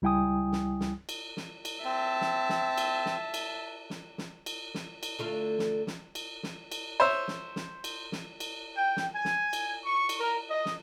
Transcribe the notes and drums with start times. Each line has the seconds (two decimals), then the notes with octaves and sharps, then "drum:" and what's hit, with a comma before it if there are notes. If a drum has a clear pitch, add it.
0.02 C#2 G3 E4 G5 G#5 D#6
0.52 drum: snare
0.81 drum: snare
1.09 drum: cymbal
1.37 drum: snare
1.65 drum: cymbal
1.85 C4 E5 A5
2.21 drum: snare
2.49 drum: snare
2.78 drum: cymbal
3.06 drum: snare
3.34 drum: cymbal
3.90 drum: snare
4.18 drum: snare
4.46 drum: cymbal
4.75 drum: snare
5.03 drum: cymbal
5.19 D3 A3 F4
5.59 drum: snare
5.87 drum: snare
6.15 drum: cymbal
6.43 drum: snare
6.72 drum: cymbal
7.00 C5 C#5 E5
7.28 drum: snare
7.56 drum: snare
7.84 drum: cymbal
8.12 drum: snare
8.40 drum: cymbal
8.77 G5
8.97 drum: snare
9.15 G#5
9.25 drum: snare
9.53 drum: cymbal
9.85 C#6
10.09 drum: cymbal
10.20 A#4
10.51 D#5
10.66 drum: snare